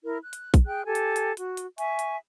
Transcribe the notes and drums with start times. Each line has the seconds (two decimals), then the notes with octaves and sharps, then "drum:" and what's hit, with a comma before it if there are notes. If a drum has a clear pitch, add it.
0.04 E4 A#4
0.24 F#6
0.33 drum: hi-hat
0.54 drum: kick, hi-hat
0.66 G#4 G5 F#6
0.86 G4 A4 G#5
0.95 drum: hi-hat
1.16 drum: hi-hat
1.37 F#4, drum: hi-hat
1.57 drum: hi-hat
1.78 E5 G#5 C#6, drum: hi-hat
1.99 drum: hi-hat